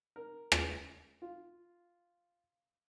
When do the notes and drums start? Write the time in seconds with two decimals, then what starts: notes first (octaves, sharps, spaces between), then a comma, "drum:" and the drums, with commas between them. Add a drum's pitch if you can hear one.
0.16 A#4
0.52 drum: rim click
1.22 F4